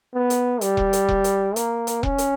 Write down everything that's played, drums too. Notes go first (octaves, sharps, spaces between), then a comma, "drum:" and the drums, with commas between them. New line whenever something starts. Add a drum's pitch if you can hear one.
B3
drum: hi-hat
G3, drum: hi-hat
drum: kick E1
drum: hi-hat
drum: kick E1
drum: hi-hat
A#3, drum: hi-hat
drum: hi-hat
C#4, drum: kick E1
drum: hi-hat